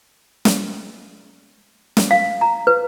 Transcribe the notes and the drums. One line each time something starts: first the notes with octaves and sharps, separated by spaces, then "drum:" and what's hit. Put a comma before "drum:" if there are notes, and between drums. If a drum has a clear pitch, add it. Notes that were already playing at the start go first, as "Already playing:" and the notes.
drum: snare
drum: snare
F5
A#5
B4